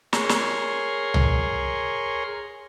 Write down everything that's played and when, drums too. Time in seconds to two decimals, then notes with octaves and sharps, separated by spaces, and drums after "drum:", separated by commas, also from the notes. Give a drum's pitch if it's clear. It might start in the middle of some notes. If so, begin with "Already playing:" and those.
0.13 G#4 A#4 C#5 C6, drum: snare
0.29 drum: snare
1.14 drum: tom C2